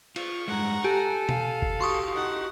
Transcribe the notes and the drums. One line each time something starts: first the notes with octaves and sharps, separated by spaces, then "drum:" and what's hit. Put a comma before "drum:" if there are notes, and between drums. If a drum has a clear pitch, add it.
F4 C#6, drum: cymbal
G2 G#3 F#5 A#5
G4 A4 G#5
F5, drum: tom B2
drum: kick G1
F#4 G4 C6 C#6 D#6
D#4 F#5